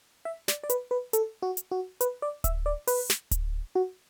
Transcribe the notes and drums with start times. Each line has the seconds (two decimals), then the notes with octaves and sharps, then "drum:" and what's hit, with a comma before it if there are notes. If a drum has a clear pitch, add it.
0.25 E5
0.48 D5, drum: snare
0.63 D5
0.70 B4, drum: hi-hat
0.91 B4
1.13 A4, drum: hi-hat
1.42 F#4
1.57 drum: hi-hat
1.71 F#4
2.01 B4, drum: hi-hat
2.22 D5
2.44 E5, drum: kick D1, hi-hat
2.66 D5
2.87 B4, drum: open hi-hat
3.10 drum: snare
3.31 drum: kick D1, hi-hat
3.75 F#4